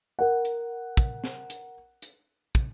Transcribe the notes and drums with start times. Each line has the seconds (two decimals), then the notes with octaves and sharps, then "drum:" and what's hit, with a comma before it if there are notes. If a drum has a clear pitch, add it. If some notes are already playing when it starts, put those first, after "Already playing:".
0.19 A#4 F#5
0.45 drum: hi-hat
0.97 drum: kick, hi-hat
1.24 drum: snare
1.50 drum: hi-hat
2.02 drum: hi-hat
2.55 drum: kick, hi-hat